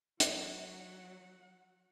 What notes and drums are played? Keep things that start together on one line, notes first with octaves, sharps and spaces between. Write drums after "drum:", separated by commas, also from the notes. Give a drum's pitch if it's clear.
F#3 F#5, drum: hi-hat